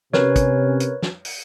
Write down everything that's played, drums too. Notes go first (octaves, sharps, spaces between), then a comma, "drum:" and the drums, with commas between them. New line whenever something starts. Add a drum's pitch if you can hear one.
C3 C#4 A#4 B4 C#5, drum: snare
drum: kick, hi-hat
drum: hi-hat
drum: snare
drum: open hi-hat